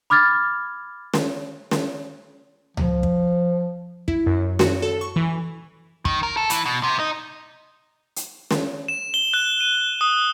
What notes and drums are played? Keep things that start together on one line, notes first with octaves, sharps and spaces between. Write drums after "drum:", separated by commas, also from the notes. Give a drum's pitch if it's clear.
B5 D6 F6 G#6 A6
drum: snare
drum: snare
F3, drum: tom C#2
drum: kick
E4, drum: kick
F#2
F#4, drum: snare
A4
C#6
E3
D#3, drum: kick
A#4
A4
E3, drum: hi-hat
B2
C3
D#4
drum: hi-hat
drum: snare
E7
G7
F#6
D#7
D#6